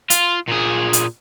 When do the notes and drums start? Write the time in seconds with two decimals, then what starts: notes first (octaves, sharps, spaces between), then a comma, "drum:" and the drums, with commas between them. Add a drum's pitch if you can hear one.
0.10 F4, drum: hi-hat
0.48 A#2 G#4
0.93 drum: hi-hat